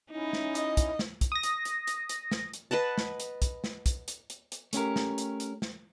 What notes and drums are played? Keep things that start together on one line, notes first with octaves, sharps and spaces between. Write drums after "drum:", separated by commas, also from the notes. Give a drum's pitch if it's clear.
C#4 D#4 E4
drum: snare
D#5, drum: hi-hat
drum: kick, hi-hat
drum: snare
drum: kick, hi-hat
D#6 A#6
drum: hi-hat
drum: hi-hat
drum: hi-hat
drum: hi-hat
drum: snare
drum: hi-hat
B4 D#5 F#5 A5
drum: snare
drum: hi-hat
drum: kick, hi-hat
drum: snare
drum: kick, hi-hat
drum: hi-hat
drum: hi-hat
drum: hi-hat
A3 C#4 G4 A#4, drum: hi-hat
drum: snare
drum: hi-hat
drum: hi-hat
drum: snare